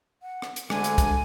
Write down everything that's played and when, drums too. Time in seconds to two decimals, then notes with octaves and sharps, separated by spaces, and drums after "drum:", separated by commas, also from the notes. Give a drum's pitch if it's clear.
0.22 F#5
0.42 drum: rim click
0.56 drum: hi-hat
0.70 D2 D3 G#3 A4 G#5, drum: rim click
0.84 drum: hi-hat
0.98 drum: kick, hi-hat